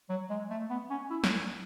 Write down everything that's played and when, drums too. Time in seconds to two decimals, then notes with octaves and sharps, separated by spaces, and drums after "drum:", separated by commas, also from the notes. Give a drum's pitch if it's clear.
0.09 F#3
0.30 G#3
0.50 A3
0.70 B3
0.90 C#4
1.10 E4
1.24 drum: snare